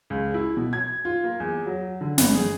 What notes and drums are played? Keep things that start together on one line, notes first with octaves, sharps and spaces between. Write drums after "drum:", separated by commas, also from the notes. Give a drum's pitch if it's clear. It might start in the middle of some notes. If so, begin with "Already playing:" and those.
C#2
E4
B2
G#6
F4
A#3
E2
F#3
D3
G1, drum: snare
G#4